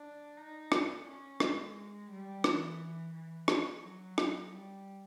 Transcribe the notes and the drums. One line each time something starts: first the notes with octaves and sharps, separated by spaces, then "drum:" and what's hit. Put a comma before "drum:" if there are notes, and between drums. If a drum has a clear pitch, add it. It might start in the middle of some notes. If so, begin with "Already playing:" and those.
Already playing: D4
D#4
D4, drum: rim click
C#4
G#3, drum: rim click
G3
E3, drum: rim click
E3
F3, drum: rim click
F#3
drum: rim click
G3